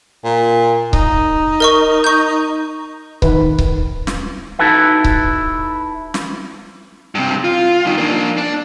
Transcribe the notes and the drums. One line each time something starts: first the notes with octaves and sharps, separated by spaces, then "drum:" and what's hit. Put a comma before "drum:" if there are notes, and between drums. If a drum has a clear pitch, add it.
A#2
D#4, drum: kick C#1
A#4 D#5 C#6
C#6 G6
D#3 B4, drum: kick C#1
drum: kick C#1
drum: snare
D#4 E4 F#4 A4 B4 E5
drum: kick C#1
drum: snare
G2 C3
F4
G2 D#3
A#3 D4
D4